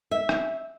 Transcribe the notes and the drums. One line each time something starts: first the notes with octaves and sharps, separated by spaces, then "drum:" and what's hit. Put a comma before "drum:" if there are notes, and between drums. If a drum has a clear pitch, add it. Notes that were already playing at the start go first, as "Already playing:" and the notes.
E5
drum: rim click